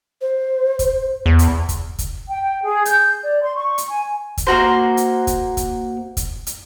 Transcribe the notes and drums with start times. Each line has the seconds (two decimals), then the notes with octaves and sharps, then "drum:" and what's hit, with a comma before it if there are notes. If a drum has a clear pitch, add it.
0.21 C5
0.79 drum: kick, hi-hat
1.26 E2
1.39 drum: hi-hat
1.69 drum: kick, hi-hat
1.99 drum: kick, hi-hat
2.28 G5
2.63 G#4
2.85 G6, drum: hi-hat
3.24 D5
3.42 C6
3.56 C#6
3.78 drum: hi-hat
3.88 G#5
4.37 drum: kick, hi-hat
4.47 A#3 D#4 F#4 C5
4.97 drum: hi-hat
5.27 drum: kick, hi-hat
5.57 drum: kick, hi-hat
6.17 drum: kick, hi-hat
6.47 drum: hi-hat